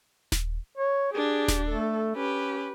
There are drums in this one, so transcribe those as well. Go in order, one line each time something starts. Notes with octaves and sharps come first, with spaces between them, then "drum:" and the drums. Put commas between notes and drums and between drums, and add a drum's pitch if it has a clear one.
drum: snare D#1
C#5
D4 G4 G#4
drum: snare D#1
A3 A4
C#4 G4 B4